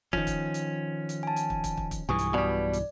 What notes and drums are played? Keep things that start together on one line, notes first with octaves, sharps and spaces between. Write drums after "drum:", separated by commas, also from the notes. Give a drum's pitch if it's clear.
D#3 F3 C#4, drum: kick
drum: kick, hi-hat
drum: hi-hat
drum: hi-hat
G#5 A5
drum: hi-hat
drum: kick
drum: kick, hi-hat
drum: kick
drum: kick, hi-hat
B1 G2 E3 G#5 C#6 D#6
drum: hi-hat
B2 G3 D5
drum: hi-hat